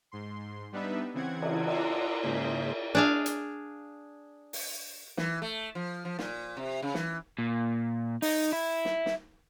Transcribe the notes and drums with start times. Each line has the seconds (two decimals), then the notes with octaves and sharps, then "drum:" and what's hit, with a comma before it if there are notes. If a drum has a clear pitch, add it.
0.12 G#2 C6
0.72 G3 B3 D4 D#4 B4 E5
1.14 C#3 E3 C4 F#5 G#6
1.42 drum: cymbal
1.67 F#5 A#5 C6 D6 E6, drum: cymbal
2.21 G#2 C#3 A#3 G#4 C5 B6
2.95 D4 G#4 F5
3.26 drum: hi-hat
4.53 drum: open hi-hat
5.17 E3, drum: snare
5.42 A3
5.75 F3
6.05 F3
6.19 A#2, drum: snare
6.57 C3
6.82 C#3
6.94 E3, drum: snare
7.39 A#2
8.22 D#4, drum: open hi-hat
8.53 E4
8.85 drum: snare
9.06 drum: snare